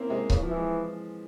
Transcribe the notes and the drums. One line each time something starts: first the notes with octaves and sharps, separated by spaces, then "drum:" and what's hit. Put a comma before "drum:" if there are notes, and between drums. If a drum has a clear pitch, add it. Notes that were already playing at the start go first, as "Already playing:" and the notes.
Already playing: A#3 C4 C#4 E4
C3 G#3
C#3 E3, drum: kick C#1
F3
E3
G#3